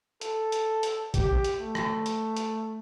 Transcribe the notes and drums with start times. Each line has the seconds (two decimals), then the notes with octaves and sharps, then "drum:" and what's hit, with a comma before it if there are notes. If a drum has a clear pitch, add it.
0.21 A4, drum: hi-hat
0.52 drum: hi-hat
0.83 drum: hi-hat
1.14 G4, drum: kick, hi-hat
1.44 drum: hi-hat
1.60 A3
1.75 drum: rim click
2.06 drum: hi-hat
2.37 drum: hi-hat